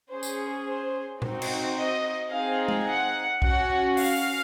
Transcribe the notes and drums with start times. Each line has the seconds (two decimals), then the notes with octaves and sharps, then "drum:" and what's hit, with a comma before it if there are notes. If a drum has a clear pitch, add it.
0.11 C#4 G#4 C5
0.23 drum: tambourine
0.67 C5
1.22 C4 D#4 F#4, drum: tom A#2
1.42 drum: cymbal
1.77 D#5
2.31 C4 D#4 G#4 F5
2.68 drum: tom G#3
2.87 F#5
3.42 C#4 F#4 F#5, drum: kick B1
3.97 F5, drum: open hi-hat